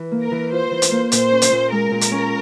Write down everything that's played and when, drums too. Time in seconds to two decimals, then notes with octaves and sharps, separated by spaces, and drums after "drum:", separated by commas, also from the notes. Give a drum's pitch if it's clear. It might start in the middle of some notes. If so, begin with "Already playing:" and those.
Already playing: E3
0.12 A#3
0.22 A#4
0.31 E3
0.51 F4 C5
0.71 E3
0.82 drum: hi-hat
0.91 A#3
1.12 A#2 C5, drum: hi-hat
1.31 C#4
1.42 drum: hi-hat
1.52 A#2
1.71 G#3 A#4
1.92 A#2
2.01 drum: hi-hat
2.11 C#4